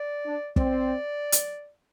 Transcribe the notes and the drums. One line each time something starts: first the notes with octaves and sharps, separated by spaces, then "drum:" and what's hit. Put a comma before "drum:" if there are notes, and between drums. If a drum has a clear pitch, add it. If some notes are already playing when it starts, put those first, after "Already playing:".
Already playing: D5
D4
C4 D5, drum: kick
drum: hi-hat